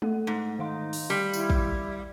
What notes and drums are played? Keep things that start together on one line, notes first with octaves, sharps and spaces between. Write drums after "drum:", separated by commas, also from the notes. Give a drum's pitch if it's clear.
A3 A4 F#5, drum: tom G#3
G#2
D#3 D#4 F5 C6
drum: open hi-hat
G3
E4, drum: tambourine
drum: kick